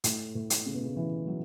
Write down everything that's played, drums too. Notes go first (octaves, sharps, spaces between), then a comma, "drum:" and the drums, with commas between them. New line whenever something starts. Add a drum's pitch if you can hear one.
A2, drum: hi-hat
A2
drum: hi-hat
C#3
B2
C#3
E3
F#3